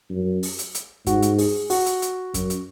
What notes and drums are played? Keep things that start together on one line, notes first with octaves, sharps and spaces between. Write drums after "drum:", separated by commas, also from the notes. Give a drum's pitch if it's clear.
F#2
drum: open hi-hat
drum: hi-hat
drum: hi-hat
G#2 F#4, drum: kick, hi-hat
drum: hi-hat
G#4, drum: open hi-hat
F#4, drum: open hi-hat
drum: hi-hat
drum: hi-hat
F#2, drum: kick, hi-hat
drum: hi-hat